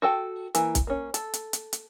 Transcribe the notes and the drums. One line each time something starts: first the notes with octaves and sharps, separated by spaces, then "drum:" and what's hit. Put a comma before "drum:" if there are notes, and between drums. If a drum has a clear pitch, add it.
F#4 A4 G5
E3 A#3, drum: hi-hat
drum: kick, hi-hat
A#3 C#4
A4, drum: hi-hat
drum: hi-hat
drum: hi-hat
drum: hi-hat